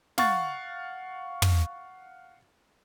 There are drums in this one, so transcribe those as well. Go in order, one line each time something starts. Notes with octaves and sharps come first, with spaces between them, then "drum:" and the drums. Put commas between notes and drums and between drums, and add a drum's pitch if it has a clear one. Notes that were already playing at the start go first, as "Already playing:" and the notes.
F5 F#5 C#6 A6, drum: snare
drum: tom